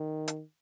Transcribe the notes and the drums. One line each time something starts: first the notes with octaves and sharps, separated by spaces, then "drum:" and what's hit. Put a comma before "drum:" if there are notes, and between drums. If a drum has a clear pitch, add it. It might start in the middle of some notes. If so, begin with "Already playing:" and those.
Already playing: D#3
drum: hi-hat